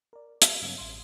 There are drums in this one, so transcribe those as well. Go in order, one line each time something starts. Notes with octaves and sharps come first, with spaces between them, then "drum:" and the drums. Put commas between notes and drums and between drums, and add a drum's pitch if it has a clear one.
A#4 D5
B6, drum: hi-hat
G2 C#3 F#3 B3 C#4
A1 C6